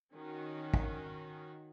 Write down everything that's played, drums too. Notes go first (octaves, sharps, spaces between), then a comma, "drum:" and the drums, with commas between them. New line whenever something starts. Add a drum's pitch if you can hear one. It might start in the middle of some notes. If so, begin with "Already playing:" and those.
D#3 C#4 F#4
drum: kick